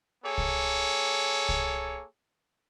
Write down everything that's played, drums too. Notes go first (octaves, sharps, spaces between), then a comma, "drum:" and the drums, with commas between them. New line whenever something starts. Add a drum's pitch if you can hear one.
A#3 G#4 A4 C#5
drum: kick C2
drum: kick C2